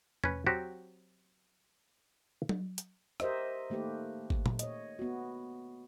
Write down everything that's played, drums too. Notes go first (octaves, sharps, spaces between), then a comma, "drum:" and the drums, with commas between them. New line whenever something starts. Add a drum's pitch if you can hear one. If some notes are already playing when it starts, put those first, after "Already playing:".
C#4 B4, drum: tom E2
F#3 C4 F#4 G4
drum: tom F#3
drum: hi-hat
G4 A#4 C5 D#5 E5, drum: rim click
D#3 A3 A#3 G4 B4
drum: kick G#1
drum: tom A#2
C#5 D#5, drum: hi-hat
B3 F#4